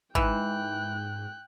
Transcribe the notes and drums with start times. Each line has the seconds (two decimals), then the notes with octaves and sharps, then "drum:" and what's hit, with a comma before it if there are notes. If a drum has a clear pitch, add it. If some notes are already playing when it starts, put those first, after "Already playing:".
0.15 G#2 E3 G5 F#6, drum: kick